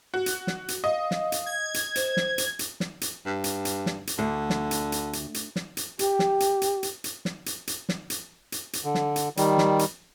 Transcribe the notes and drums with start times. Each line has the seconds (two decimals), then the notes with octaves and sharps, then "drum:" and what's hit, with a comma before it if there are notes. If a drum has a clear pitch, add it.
0.14 F#4
0.26 drum: hi-hat
0.47 drum: snare
0.68 drum: hi-hat
0.84 D#5 F5
1.11 drum: snare
1.32 drum: hi-hat
1.46 G#6
1.74 drum: hi-hat
1.96 C5, drum: hi-hat
2.17 drum: snare
2.38 drum: hi-hat
2.59 drum: hi-hat
2.80 drum: snare
3.01 drum: hi-hat
3.26 G2
3.44 drum: hi-hat
3.65 drum: hi-hat
3.86 drum: snare
4.07 drum: hi-hat
4.19 D2 D3
4.50 drum: snare
4.71 drum: hi-hat
4.92 drum: hi-hat
5.13 drum: hi-hat
5.34 drum: hi-hat
5.56 drum: snare
5.77 drum: hi-hat
5.99 G4, drum: hi-hat
6.19 drum: snare
6.40 drum: hi-hat
6.62 drum: hi-hat
6.83 drum: hi-hat
7.04 drum: hi-hat
7.25 drum: snare
7.46 drum: hi-hat
7.67 drum: hi-hat
7.89 drum: snare
8.10 drum: hi-hat
8.52 drum: hi-hat
8.73 drum: hi-hat
8.84 D3
8.95 drum: snare
9.16 drum: hi-hat
9.37 D#3 G3, drum: hi-hat
9.58 drum: snare
9.79 drum: hi-hat